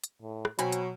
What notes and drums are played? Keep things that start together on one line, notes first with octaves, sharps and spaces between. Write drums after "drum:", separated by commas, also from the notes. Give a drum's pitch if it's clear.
drum: hi-hat
A2
drum: rim click
B2 F#3 C4 G#5 B5, drum: hi-hat
drum: hi-hat